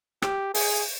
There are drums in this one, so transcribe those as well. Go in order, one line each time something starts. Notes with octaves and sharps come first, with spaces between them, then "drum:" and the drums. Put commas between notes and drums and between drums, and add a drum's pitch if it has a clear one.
G4, drum: rim click
G#4, drum: open hi-hat